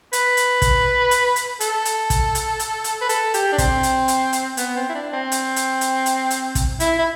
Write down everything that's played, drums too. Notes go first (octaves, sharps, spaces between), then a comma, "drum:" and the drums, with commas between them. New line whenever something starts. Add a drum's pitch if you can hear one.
B4, drum: hi-hat
drum: hi-hat
drum: kick, hi-hat
drum: hi-hat
drum: hi-hat
A4, drum: hi-hat
drum: hi-hat
drum: kick, hi-hat
drum: hi-hat
drum: hi-hat
drum: hi-hat
B4
A4, drum: hi-hat
G4, drum: hi-hat
D4
C4, drum: kick, hi-hat
drum: hi-hat
drum: hi-hat
drum: hi-hat
B3, drum: hi-hat
C4
E4
D4
C4
drum: hi-hat
drum: hi-hat
drum: hi-hat
drum: hi-hat
drum: hi-hat
drum: kick, hi-hat
E4, drum: hi-hat
E4